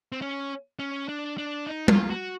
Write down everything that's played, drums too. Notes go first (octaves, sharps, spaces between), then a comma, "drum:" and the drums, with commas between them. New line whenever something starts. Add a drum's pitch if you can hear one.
C4
C#4
C#4
D4
D4
D#4
F4, drum: tom G3
F#4